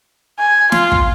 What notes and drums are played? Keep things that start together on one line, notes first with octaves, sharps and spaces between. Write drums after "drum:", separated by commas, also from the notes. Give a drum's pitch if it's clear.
G#5
F4, drum: snare
drum: kick